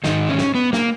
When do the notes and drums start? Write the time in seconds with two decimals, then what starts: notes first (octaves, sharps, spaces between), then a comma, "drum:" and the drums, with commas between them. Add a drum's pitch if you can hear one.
0.04 G#2 D#3 D#4, drum: snare
0.29 C#4
0.38 drum: snare
0.55 B3
0.73 A#3, drum: snare